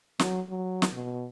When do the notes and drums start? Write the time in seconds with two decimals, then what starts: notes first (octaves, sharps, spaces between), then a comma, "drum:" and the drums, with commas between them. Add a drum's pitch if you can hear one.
0.19 F#3, drum: snare
0.49 F#3
0.82 drum: snare
0.92 B2